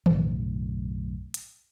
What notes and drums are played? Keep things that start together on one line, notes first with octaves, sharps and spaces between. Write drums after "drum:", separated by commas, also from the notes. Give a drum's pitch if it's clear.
B1 F#2 A2 D3, drum: tom D#3
drum: hi-hat